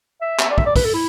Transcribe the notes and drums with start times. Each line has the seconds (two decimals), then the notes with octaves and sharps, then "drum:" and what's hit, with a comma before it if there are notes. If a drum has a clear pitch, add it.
0.21 E5
0.39 drum: clap
0.50 D5
0.58 E5, drum: kick
0.66 D5
0.76 B4, drum: kick, open hi-hat
0.84 A4
0.94 E4